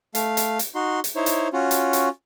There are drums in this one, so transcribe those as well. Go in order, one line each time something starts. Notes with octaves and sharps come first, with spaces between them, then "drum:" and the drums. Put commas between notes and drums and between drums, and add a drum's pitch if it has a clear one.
A3 F5, drum: hi-hat
drum: hi-hat
drum: hi-hat
D#4 F#4 C6
drum: hi-hat
D#4 E4 C5 C#5
drum: hi-hat
C#4 F4 F#4
drum: hi-hat
drum: hi-hat